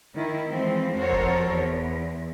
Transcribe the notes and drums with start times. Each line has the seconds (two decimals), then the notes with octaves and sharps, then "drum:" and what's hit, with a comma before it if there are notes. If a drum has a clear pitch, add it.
0.15 D#3 E4
0.49 E3 F3 G#3 A3 C4
0.97 F2 F#4 A4 A#4 C5 C#5
1.12 drum: kick F1
1.50 E2